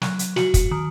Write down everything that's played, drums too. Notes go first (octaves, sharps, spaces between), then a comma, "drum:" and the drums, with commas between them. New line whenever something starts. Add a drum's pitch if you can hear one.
F#3, drum: snare
drum: hi-hat
F#4, drum: snare
drum: kick, hi-hat
D#3